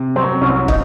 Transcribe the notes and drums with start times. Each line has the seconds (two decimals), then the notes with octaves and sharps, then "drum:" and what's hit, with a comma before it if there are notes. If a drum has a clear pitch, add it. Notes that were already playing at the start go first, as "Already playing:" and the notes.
Already playing: C3
0.16 F#3 C4
0.41 C2 C#4
0.68 D#4, drum: kick